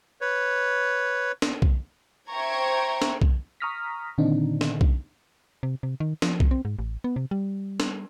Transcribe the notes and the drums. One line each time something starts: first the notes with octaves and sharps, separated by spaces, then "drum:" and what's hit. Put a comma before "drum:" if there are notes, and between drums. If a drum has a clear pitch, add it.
B4 C#5
drum: snare
drum: kick B1
C5 E5 G5 A#5 C#6 G#6
drum: snare
drum: kick B1
A#5 C#6 D#6 F6 A#6 B6
A#2 D3 D#3 C4 D4 D#4
drum: snare
drum: kick B1
C3
C3
D#3
F3, drum: snare
drum: kick B1
C4
G#2
A1
B3
C3
G3
drum: snare